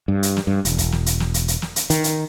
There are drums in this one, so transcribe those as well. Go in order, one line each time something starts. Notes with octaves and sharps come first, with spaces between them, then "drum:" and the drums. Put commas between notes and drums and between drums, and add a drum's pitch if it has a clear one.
G2
drum: hi-hat
drum: snare
G2
E1, drum: hi-hat
drum: kick, hi-hat
drum: snare
drum: hi-hat
drum: snare
drum: hi-hat
drum: hi-hat
drum: snare
drum: hi-hat
D#3, drum: hi-hat
drum: hi-hat